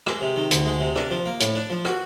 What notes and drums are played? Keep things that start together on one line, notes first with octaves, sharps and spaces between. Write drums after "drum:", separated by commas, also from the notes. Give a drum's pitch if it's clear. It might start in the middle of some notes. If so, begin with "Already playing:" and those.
G#3, drum: rim click
C3
D#3
D2, drum: hi-hat
G#3
C3
D4, drum: rim click
F3
A#3
A2, drum: hi-hat
D4
F3
F#4, drum: rim click